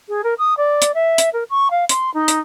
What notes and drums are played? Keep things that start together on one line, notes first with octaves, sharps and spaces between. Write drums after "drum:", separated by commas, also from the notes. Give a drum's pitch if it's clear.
G#4
A#4
D#6
D5
drum: hi-hat
E5
drum: hi-hat
A#4
C#6
F5
C6, drum: hi-hat
D#4
drum: hi-hat